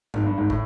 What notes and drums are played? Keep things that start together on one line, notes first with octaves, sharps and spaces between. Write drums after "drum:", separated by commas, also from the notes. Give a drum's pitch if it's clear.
G#1 G#2, drum: tom G#2
G2
G#1 G#2
A2, drum: kick